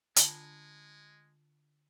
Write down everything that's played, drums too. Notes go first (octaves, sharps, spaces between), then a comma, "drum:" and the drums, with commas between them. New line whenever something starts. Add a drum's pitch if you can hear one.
D3 G#3 D4 F4 A5, drum: hi-hat